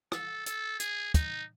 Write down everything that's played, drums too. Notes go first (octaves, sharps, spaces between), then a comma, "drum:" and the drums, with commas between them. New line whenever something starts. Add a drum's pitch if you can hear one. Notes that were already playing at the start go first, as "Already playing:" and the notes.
A4, drum: rim click
A4, drum: hi-hat
G#4, drum: hi-hat
D#4, drum: kick, hi-hat